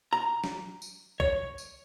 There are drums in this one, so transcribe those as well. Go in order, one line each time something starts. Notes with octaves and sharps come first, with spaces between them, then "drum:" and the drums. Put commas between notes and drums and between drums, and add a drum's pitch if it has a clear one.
A#5
drum: snare
drum: tambourine
C#5, drum: kick
drum: tambourine